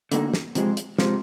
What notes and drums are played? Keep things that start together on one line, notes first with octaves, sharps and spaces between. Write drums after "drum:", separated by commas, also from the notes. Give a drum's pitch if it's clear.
D3 F#3 A#3 D#4 F#4, drum: hi-hat
drum: snare
C3 F3 G#3, drum: hi-hat
drum: hi-hat
C3 F3 G#3, drum: snare